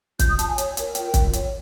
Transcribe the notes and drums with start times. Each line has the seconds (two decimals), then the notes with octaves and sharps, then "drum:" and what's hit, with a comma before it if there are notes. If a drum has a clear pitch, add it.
0.19 F4 G6, drum: kick, hi-hat
0.29 D#6
0.39 F4 A5, drum: hi-hat
0.48 G#5
0.58 C#5, drum: hi-hat
0.77 A#4, drum: hi-hat
0.95 F4 G5, drum: hi-hat
1.14 F4, drum: kick, hi-hat
1.33 C#5, drum: hi-hat